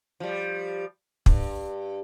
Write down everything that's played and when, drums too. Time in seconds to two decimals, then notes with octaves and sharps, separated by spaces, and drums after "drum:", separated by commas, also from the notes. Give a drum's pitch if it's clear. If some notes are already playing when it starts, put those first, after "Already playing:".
0.20 F3 G3
1.26 G2, drum: kick